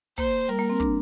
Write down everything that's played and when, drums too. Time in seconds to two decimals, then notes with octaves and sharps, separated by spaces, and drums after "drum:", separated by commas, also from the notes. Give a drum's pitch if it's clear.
0.18 A#3 C5, drum: kick
0.49 G3 A#4
0.59 A#3
0.70 C4
0.80 D4, drum: kick